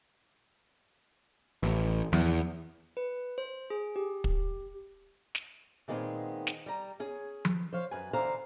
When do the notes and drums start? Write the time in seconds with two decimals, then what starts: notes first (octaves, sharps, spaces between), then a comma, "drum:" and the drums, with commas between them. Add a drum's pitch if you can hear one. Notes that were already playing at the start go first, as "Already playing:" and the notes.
1.63 A1
2.13 E2, drum: tom F3
2.97 B4
3.38 C5
3.70 G#4
3.96 G4
4.24 drum: kick
5.35 drum: snare
5.88 A#2 D#3 G#3 B3 C4
6.47 drum: snare
6.66 G3 A#5
7.00 C#4 G#4
7.45 drum: tom F3
7.73 C5 C#5 F5
7.91 F#2 B4 G#5
8.13 D3 E3 C5 F5 A#5